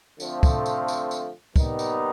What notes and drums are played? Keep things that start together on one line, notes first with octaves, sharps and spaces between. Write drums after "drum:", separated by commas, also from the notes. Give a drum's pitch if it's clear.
D3 F3 A3 C4 F4, drum: tambourine
drum: kick, tambourine
drum: tambourine
drum: tambourine
drum: tambourine
D#2 D#3 G3 B3 D#4, drum: kick, tambourine
drum: tambourine